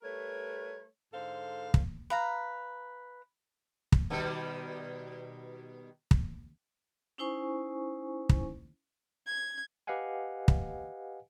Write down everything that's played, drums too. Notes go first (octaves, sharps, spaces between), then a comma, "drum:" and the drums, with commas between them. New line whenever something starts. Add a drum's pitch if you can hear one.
G3 A3 A#4 B4 C#5
G#2 D3 A4 C5 F5
drum: kick
B4 F5 A#5
drum: kick
B2 D#3 G3
drum: kick
C#4 D#4 E4 C5 G#5 C#6
drum: kick
G#6
G4 B4 D#5 F5 F#5 G#5
drum: kick